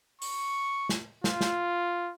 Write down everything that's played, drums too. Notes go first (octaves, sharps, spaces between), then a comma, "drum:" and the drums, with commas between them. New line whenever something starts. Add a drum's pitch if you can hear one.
C#6, drum: open hi-hat
drum: snare
F4, drum: snare
drum: snare